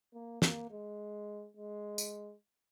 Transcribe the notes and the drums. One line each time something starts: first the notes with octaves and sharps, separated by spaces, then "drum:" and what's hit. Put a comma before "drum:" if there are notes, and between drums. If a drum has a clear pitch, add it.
A#3
A#3, drum: snare
G#3
G#3
drum: tambourine